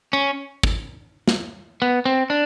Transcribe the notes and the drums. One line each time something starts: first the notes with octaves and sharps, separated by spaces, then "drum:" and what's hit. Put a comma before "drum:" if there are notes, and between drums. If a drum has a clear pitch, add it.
C#4
drum: kick
drum: snare
B3
C4
D4